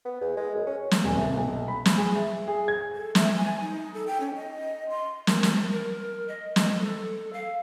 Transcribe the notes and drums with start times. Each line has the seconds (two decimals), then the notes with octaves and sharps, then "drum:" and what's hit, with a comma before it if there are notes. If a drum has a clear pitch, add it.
0.05 B3
0.21 E2
0.37 G#3
0.55 F#2
0.67 C#4
0.91 drum: snare
1.04 D#1
1.17 C2
1.34 B1
1.68 B5
1.85 drum: snare
1.97 G#4
2.15 E5
2.48 G#4
2.68 G#6
2.95 A4
3.15 E5, drum: snare
3.36 G#5
3.61 D#4
3.94 A4
4.07 G5
4.20 C#4
4.35 D#5
4.90 C6
5.27 A#4, drum: snare
5.43 drum: snare
5.72 A#4
6.28 D#5
6.56 drum: snare
6.80 A4
7.33 F5